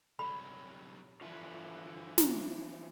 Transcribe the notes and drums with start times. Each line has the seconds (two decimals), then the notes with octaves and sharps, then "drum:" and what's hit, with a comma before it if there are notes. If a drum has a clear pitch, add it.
0.19 C2 F#3 B5
1.21 D3 E3 F3 B4
2.18 drum: snare